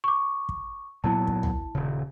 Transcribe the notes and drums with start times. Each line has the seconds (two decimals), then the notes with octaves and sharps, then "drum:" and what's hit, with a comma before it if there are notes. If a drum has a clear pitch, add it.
0.04 C#6 D6
0.49 drum: kick
1.04 A#2 F#3 B3 E4 A5
1.27 drum: kick
1.43 drum: tom
1.75 D#1 C#3